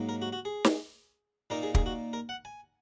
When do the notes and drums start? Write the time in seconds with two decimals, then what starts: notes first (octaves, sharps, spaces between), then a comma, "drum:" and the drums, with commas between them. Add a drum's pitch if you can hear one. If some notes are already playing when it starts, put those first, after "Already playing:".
Already playing: G#2 F#3 A#3 D#4
0.09 A#4
0.22 F#4
0.33 F#4
0.45 G#4
0.64 drum: snare
1.50 A#2 A#3 D#4 A#4
1.63 G#4
1.75 G#4, drum: kick
1.86 F#4
2.13 A#4
2.29 F#5
2.45 G#5